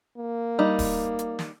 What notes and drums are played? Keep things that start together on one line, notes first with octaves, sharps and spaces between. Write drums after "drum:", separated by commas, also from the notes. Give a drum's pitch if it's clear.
A#3
G3 D#4
drum: kick D1, open hi-hat
drum: hi-hat
drum: snare